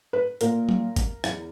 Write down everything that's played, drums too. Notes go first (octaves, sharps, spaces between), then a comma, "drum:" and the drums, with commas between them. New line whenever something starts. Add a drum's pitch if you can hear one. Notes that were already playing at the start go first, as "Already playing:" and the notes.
B4
A#2 A#4, drum: hi-hat
drum: tom
drum: kick G#1, hi-hat
E2, drum: rim click